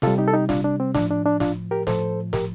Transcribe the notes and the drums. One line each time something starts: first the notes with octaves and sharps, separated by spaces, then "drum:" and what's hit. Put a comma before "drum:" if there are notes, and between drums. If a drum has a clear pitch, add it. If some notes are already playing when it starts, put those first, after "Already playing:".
C3 G3 F4 A4, drum: snare
D#4 G4
A4
D#4 G4
D4 F4, drum: snare
D4
C4
A2 F3 D4, drum: snare
D4
D4
D4 F4, drum: snare
G4 A#4
A2 F3 A4 C5, drum: snare
G4 A#4, drum: snare